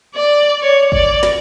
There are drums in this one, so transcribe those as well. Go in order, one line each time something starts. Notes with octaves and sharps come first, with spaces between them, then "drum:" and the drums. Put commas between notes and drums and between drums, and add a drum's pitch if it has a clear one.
D5
C#5
D5, drum: kick
drum: snare